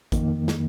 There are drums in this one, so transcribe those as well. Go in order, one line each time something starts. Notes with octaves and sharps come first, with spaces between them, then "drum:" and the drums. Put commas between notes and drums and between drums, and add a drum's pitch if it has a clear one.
F2 D#3 A#3, drum: kick, hi-hat
drum: snare